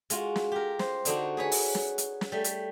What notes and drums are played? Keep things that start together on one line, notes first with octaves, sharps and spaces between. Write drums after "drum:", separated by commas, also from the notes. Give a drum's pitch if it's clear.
G#3 F4 F#4, drum: hi-hat
drum: snare
G4 A#4
C5, drum: snare
D3 D4 D#4 F#4, drum: hi-hat
G#4 B4 C#5
drum: open hi-hat
drum: snare
drum: hi-hat
drum: snare
G3 A3
drum: hi-hat